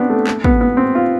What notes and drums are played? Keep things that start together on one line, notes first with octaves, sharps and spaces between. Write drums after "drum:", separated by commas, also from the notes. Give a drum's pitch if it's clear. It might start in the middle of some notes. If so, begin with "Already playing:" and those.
Already playing: B3 C4 D4
A3
A3, drum: clap
B3, drum: kick
B3
C4
F4